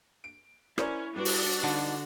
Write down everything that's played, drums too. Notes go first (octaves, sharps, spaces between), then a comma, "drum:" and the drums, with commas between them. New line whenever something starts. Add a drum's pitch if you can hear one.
D7
C#4 E4 A#4 C5 D5, drum: rim click
G3 D4 F#4 B4 D5
drum: open hi-hat
D3 D#4 F#5 A5